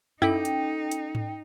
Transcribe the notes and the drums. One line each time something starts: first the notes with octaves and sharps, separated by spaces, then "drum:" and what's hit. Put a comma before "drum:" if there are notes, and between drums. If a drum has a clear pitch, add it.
C#4 D#4 E4 A4 G5, drum: tom F#2
drum: hi-hat
drum: hi-hat
drum: tom G#2